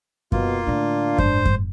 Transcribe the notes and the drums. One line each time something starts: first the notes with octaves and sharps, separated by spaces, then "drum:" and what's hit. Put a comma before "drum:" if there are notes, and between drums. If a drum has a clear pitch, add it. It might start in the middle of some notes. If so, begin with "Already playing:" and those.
B2 A#3 F4, drum: kick F#2
A2 D3 D4
G#2 C5, drum: kick F#2
drum: kick F#2